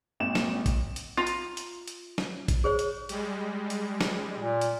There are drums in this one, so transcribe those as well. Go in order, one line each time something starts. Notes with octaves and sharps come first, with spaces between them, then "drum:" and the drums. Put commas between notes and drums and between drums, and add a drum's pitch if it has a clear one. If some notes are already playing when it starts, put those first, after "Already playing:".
G#1 A#2 E7
drum: snare
drum: kick A#1, hi-hat
drum: hi-hat
F4 A#5
drum: hi-hat
drum: hi-hat
drum: hi-hat
drum: snare
drum: kick A#1, hi-hat
G#4 C5 C#5
drum: hi-hat
G3 G#3, drum: hi-hat
drum: hi-hat
drum: snare
A#2
drum: hi-hat